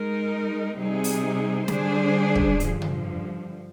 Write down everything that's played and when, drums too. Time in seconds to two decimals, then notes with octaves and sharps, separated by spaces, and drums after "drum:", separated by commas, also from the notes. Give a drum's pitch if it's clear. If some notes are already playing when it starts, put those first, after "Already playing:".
Already playing: G#3 D#4 A#4
0.77 C3 G3 C4 D#4 G#4
1.04 drum: open hi-hat
1.68 D3 G3 D4 G#4 C5, drum: snare
2.35 drum: kick
2.60 G2 D3 F3, drum: hi-hat
2.82 drum: tom